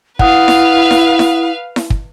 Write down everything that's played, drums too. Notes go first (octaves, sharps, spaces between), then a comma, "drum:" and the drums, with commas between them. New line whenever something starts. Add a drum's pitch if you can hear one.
E4 B4 F5 F#5 D#6, drum: kick
drum: snare E4
drum: snare E4
drum: snare E4
drum: snare E4
drum: kick